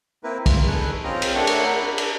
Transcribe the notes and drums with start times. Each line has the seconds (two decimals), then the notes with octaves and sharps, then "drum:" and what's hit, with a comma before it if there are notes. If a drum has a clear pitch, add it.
0.24 A#3 C4 E4 A#4 B4
0.46 F4, drum: kick, cymbal
0.67 D#4 A4 B4 G#5 C#6 F#6
1.04 C4 C#4 F4 D#5 G5 A#5
1.22 drum: cymbal
1.35 A3 D4 A#4 C#5 F#5
1.47 drum: cymbal
1.66 D4 A#4 B5
1.98 drum: cymbal